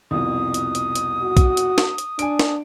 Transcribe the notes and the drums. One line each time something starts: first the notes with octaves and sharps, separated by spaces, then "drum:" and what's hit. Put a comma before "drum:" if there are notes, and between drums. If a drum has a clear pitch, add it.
C2 F2 B2 D#6
drum: hi-hat
drum: hi-hat
drum: hi-hat
F#4
drum: kick, hi-hat
drum: hi-hat
drum: snare
drum: hi-hat
D4 G#5 D7, drum: hi-hat
drum: snare